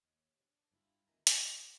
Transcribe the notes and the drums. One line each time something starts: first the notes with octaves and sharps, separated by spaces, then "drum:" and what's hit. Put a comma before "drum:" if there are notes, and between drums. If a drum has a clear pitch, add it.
D#2
D4
G2 E4 F4
D2 D#3 B3 E4 G#5 A#5
A3, drum: hi-hat
G4 A4 B4 C5 F5